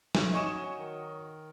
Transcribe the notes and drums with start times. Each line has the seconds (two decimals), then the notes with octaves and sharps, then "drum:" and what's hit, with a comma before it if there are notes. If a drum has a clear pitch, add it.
0.15 A3, drum: snare
0.33 F#3 C#4 D#4 C#5 C#6 E7
0.77 D#3